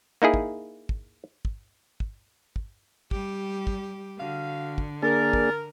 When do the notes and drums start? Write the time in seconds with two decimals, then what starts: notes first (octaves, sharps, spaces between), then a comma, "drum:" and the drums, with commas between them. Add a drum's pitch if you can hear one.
0.22 A#3 D#4 E4 G#4
0.34 drum: kick
0.89 drum: kick
1.45 drum: kick
2.00 drum: kick
2.56 drum: kick
3.11 G3 G4, drum: kick
3.67 drum: kick
4.19 D3 F#4 F5
4.78 drum: kick
5.02 A#3 D4 G#4 A#4 A6
5.33 drum: kick